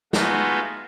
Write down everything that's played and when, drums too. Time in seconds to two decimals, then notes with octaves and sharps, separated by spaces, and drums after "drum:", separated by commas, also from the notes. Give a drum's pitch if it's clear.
0.13 G#3 A3 B3 D#4 F4 F#4, drum: snare